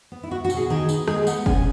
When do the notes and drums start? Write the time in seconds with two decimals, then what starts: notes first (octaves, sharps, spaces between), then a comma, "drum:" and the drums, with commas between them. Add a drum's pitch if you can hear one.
0.12 B3
0.23 E4
0.31 B3 F#4
0.44 F#4
0.50 B2, drum: tambourine
0.57 G#4
0.70 D#3 G#4
0.89 B3, drum: tambourine
1.08 G#3 G#4, drum: rim click
1.27 B3 F#5, drum: tambourine
1.46 C#4 G#5, drum: kick